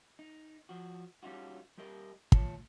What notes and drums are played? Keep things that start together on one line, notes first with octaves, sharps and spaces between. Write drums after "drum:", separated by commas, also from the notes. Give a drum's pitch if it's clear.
D#4
F3 F#4
G3 C#4 D#4 F4 F#4
G3 G4 A#4 D#5
F4 C#5 A5, drum: kick